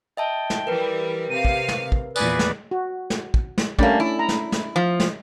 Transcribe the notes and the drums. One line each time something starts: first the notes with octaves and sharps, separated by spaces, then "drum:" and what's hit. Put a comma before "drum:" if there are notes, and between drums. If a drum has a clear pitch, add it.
D#5 E5 G5 A5
drum: snare
E3 G3 A#4 B4
C3 F5 D#7
drum: kick
drum: snare
drum: kick
E2 A#2 B4 D5 G#5 D#6, drum: tambourine
drum: snare
F#4
drum: snare
drum: kick
drum: snare
G3 A3 A#3 C#4 D4, drum: kick
E4
A#5
drum: snare
drum: snare
F3
drum: snare